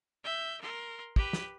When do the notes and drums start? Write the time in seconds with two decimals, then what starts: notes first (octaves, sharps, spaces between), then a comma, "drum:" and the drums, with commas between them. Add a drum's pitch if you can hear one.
0.24 E5 G6
0.62 A#4 C6
1.16 G4 B4, drum: kick
1.33 drum: snare